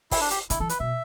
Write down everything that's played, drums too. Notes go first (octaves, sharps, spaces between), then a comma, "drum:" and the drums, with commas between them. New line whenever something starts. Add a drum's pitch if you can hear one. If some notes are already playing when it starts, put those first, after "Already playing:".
E4, drum: kick, open hi-hat
D4
G4, drum: hi-hat
D3 E4, drum: kick, hi-hat
E3 A4
B4, drum: hi-hat
B2 E5